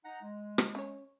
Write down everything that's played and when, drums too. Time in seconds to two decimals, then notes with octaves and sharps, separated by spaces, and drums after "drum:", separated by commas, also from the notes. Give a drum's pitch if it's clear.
0.05 D#4 F#5 A#5
0.22 G#3
0.58 drum: rim click
0.75 C#4 C#5